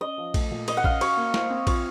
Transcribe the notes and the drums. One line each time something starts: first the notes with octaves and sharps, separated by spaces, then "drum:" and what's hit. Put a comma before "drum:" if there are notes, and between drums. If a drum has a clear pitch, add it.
C#4 D#5
F3
A3, drum: kick A#1, cymbal
A#2
A#4 D#5, drum: cymbal
F#5
C#4 F5, drum: kick A#1
F#4 C#5, drum: cymbal
A#3
C5, drum: snare
C4
F4 C#5, drum: kick A#1, cymbal